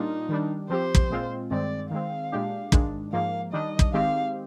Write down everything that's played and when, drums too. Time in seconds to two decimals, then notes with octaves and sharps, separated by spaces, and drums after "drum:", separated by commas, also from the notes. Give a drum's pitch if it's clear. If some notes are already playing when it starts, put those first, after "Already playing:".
Already playing: A#2 G3 A#3 D4 D#4 F4
0.29 D#3 G3 D4
0.70 F3 C4 G4 C5
0.95 drum: kick
1.10 A#2 G#3 C4 F4
1.51 G2 D#3 G#3 C4 D5
1.91 D#3 G#3 C4 F5
2.32 A#2 G#3 D4 G4
2.72 G#2 D#3 G#3 D4, drum: kick
3.12 G#2 F3 A#3 F5
3.52 D#3 G3 D4 D#5
3.79 drum: kick
3.93 D#3 G#3 C4 G4 F5